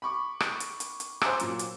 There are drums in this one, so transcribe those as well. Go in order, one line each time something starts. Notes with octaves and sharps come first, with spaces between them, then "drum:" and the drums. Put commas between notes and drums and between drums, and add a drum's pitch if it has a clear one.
B5 C#6 D6
drum: rim click
drum: hi-hat
drum: hi-hat
drum: hi-hat
C5 G#5 A#5 D6 E6, drum: rim click
A#2 F#3 F4, drum: hi-hat
drum: hi-hat